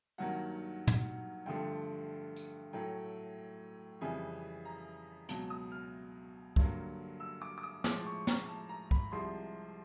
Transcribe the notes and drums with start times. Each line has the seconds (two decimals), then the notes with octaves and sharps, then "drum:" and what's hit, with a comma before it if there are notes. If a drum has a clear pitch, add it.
0.18 G2 D#3 F#3 A#3 F#5
0.87 drum: tom
1.46 G2 D3 F3 A3 G5
2.36 drum: tambourine
2.73 A2 F#3 A3 G5
4.01 F2 C#3 E3 G3 G#5
4.65 A#5
5.29 C#2 B2 F#3 A5, drum: hi-hat
5.50 D#6
5.72 F6
6.56 G2 D3 F#3 A#3, drum: kick C2
7.20 E6
7.42 D6
7.58 D6
7.63 D#6
7.84 A2 F3 G#3 D6, drum: snare
8.06 C#6
8.27 A#5, drum: snare
8.48 A5
8.69 A#5
8.91 B5, drum: kick C2
9.11 C2 C3 F3 G#3 C6